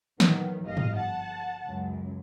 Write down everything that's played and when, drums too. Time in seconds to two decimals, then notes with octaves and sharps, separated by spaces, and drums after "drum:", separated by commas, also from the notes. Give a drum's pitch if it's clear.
0.20 A#2 D#3 E3 F#3 B3, drum: snare
0.63 G1 F3 G3 D#5 F5
0.77 drum: tom
0.96 F#5 A5
1.66 C#2 F#2